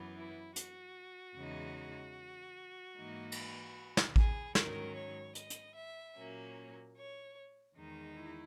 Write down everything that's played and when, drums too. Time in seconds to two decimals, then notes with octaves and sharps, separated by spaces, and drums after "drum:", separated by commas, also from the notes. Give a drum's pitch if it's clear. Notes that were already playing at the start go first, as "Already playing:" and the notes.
Already playing: F#2 E3 B3
0.16 E4
0.56 F#4, drum: hi-hat
1.36 E2 C#3 E3 G#3 D#4
2.96 G#2 E3 A#3 D#4
3.32 drum: cymbal
3.97 drum: snare
4.16 G#4, drum: kick A1
4.55 G#2 D#3 F#3 C#4 A#4, drum: snare
4.95 C#5
5.35 D#5, drum: hi-hat
5.50 drum: hi-hat
5.75 E5
6.16 A#2 F#3 A#3 C#4
6.96 C#5
7.75 E2 D#3 G#3 D#4
8.15 E4